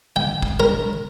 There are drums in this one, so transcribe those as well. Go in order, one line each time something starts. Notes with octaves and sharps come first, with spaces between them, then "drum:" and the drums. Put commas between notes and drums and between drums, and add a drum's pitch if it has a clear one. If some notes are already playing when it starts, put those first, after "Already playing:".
G5, drum: tom C#3
drum: kick
A#4
drum: tom